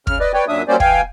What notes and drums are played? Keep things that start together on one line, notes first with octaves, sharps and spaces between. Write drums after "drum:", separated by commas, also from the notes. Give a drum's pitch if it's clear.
C#3 F6, drum: kick
B4 D5 D#5
B4 C#5 D5 G5
F#2 A#2 F#3 D4 E5 D#6
F#3 G3 A#3 C#4 C5 D5
E3 F5 G5 G#5, drum: kick